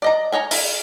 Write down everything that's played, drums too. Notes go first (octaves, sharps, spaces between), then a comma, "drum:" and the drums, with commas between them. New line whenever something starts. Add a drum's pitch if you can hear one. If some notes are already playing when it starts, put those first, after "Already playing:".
D5 D#5 A#5
D#4 C#5 D#5 G#5
E4, drum: open hi-hat